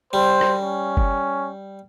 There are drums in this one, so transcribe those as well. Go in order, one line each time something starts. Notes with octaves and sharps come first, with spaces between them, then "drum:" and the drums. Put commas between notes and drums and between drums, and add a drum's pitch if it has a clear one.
G3 C5
drum: rim click
C#4
drum: kick F#1